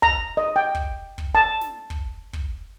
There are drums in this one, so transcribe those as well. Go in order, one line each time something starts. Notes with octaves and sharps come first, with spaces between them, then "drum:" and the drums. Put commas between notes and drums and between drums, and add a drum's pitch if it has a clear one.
A#5, drum: kick
D#5
G5
drum: kick
drum: kick
A5
drum: snare
drum: kick
drum: kick